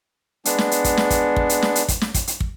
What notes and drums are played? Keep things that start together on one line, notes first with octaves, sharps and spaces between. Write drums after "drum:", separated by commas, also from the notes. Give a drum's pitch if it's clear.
G#3 B3 D4, drum: hi-hat
drum: snare
drum: hi-hat
drum: kick, hi-hat
drum: snare
drum: kick, hi-hat
drum: kick
drum: hi-hat
drum: snare
drum: hi-hat
drum: kick, hi-hat
drum: snare
drum: kick, hi-hat
drum: hi-hat
drum: kick